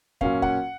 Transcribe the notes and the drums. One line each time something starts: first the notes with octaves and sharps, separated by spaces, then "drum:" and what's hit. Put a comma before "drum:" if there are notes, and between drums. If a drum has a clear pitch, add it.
A#2 F#3 C#4 F5, drum: kick
F#5, drum: kick